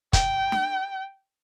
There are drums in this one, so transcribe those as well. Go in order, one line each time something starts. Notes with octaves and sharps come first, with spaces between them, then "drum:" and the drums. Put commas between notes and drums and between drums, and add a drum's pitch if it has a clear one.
G5, drum: kick, hi-hat
drum: snare